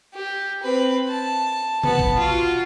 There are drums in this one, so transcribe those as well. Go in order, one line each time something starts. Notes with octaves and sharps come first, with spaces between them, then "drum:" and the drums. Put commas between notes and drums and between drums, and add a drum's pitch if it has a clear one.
G4
C4 B4
A5
B3 A5, drum: tom C3
drum: kick A1
F4 F#4